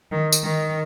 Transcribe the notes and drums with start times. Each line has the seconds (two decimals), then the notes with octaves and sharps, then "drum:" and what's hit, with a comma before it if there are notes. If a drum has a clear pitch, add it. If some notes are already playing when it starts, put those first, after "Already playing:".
0.11 D#3
0.32 drum: tambourine
0.43 D#3